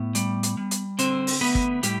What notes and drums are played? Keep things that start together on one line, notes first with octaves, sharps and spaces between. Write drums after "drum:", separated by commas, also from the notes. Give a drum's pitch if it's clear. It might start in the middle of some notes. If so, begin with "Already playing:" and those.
Already playing: A2 B3
G3, drum: hi-hat
drum: hi-hat
G3
drum: hi-hat
D3 C4 C5, drum: hi-hat
drum: open hi-hat
A3 B3 B4
drum: kick
A2 G3 G4, drum: hi-hat